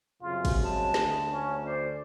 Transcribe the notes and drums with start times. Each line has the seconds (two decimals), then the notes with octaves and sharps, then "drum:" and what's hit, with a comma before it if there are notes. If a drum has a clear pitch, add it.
0.22 C2 F#2 C#3 F4
0.45 drum: kick, cymbal
0.63 G#3 A5
0.94 D2, drum: snare
1.32 C#4
1.66 C5 D5